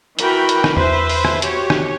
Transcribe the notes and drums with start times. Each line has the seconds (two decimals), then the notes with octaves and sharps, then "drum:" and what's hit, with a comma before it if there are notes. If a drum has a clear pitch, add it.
0.19 E3 F#4 A#4 G5 B5, drum: hi-hat
0.49 drum: hi-hat
0.64 drum: rim click
0.77 B4 C5 E5, drum: tom E2
1.09 drum: open hi-hat
1.25 drum: rim click
1.42 F#4 G4 C#5, drum: hi-hat
1.70 drum: rim click